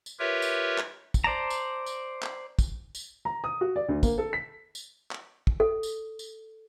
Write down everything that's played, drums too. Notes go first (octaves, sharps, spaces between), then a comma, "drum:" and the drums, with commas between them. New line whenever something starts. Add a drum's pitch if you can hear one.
drum: tambourine
F4 G4 A#4 B4 C#5 E5
drum: tambourine
drum: clap
drum: kick, tambourine
C5 D5 A5 A#5
drum: tambourine
drum: tambourine
drum: clap
drum: kick, tambourine
drum: tambourine
A#5
D#6
F#4
D5
D2
A#3, drum: kick, tambourine
A4
B6
drum: tambourine
drum: clap
drum: kick
A4
drum: tambourine
drum: tambourine